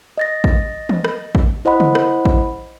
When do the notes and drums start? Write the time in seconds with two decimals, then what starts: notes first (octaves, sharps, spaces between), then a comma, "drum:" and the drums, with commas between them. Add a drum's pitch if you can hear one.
0.18 D#5 A6 A#6
0.44 drum: kick A1
0.89 drum: tom E3
1.04 drum: rim click
1.35 drum: kick A1
1.65 E4 C5 D#5 F#5 B5
1.80 drum: tom C#3
1.95 drum: rim click
2.25 drum: kick A1